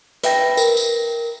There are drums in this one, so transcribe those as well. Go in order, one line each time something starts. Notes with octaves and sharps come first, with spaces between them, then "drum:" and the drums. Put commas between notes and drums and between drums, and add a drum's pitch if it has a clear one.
B4 E5 G5 A#6, drum: hi-hat
A#4, drum: tambourine
drum: tambourine